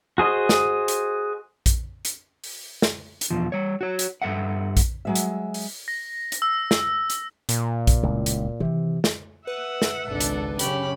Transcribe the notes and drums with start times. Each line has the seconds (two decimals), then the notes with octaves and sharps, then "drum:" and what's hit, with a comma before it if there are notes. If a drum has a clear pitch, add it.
0.18 F#4 G#4 C5 D#5
0.49 drum: snare
0.88 drum: hi-hat
1.66 drum: kick A#1, hi-hat
2.05 drum: hi-hat
2.44 drum: open hi-hat
2.82 drum: snare
3.21 drum: hi-hat
3.30 E2 B2 F3
3.52 G3 C#5
3.81 F#4 C#5
3.99 drum: hi-hat
4.22 G2 A4 E5 F#5
4.77 drum: kick A#1, hi-hat
5.05 F#3 G#3 E5
5.15 drum: hi-hat
5.54 drum: open hi-hat
5.88 A#6
6.32 drum: hi-hat
6.42 E6
6.71 drum: snare
7.10 drum: hi-hat
7.49 A#2, drum: hi-hat
7.87 drum: kick A#1, hi-hat
8.03 D1 C#2 E4
8.26 drum: hi-hat
8.60 C3 D#3 E3
9.04 drum: snare
9.47 B4 E5 F#5
9.82 drum: snare
10.06 G#1 C#2 B2 D4 A4
10.20 drum: hi-hat
10.59 F#2 C#3 C#4 G4 B5, drum: hi-hat